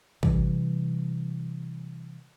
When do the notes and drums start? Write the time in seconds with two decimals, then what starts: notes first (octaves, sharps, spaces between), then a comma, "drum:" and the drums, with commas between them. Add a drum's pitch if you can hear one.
0.23 C3 E3 G3, drum: kick